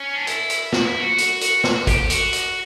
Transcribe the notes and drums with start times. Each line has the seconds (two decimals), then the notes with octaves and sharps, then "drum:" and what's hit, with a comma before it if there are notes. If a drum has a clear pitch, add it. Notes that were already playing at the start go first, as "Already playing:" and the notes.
Already playing: C#4
0.15 D4
0.27 E4, drum: hi-hat
0.50 drum: hi-hat
0.72 F#4, drum: snare
0.86 E4
1.00 F#4
1.18 drum: hi-hat
1.41 drum: hi-hat
1.64 F#4, drum: snare
1.76 F#4
1.87 G4, drum: kick, hi-hat
1.98 G4
2.10 F#4, drum: hi-hat
2.33 drum: hi-hat